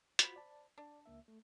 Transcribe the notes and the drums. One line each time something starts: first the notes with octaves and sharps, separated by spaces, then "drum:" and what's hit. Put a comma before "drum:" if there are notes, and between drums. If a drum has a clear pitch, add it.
F4 F#4 C5 B5, drum: hi-hat
D5 A5
D4 D5
C#2 A#3 E5
A3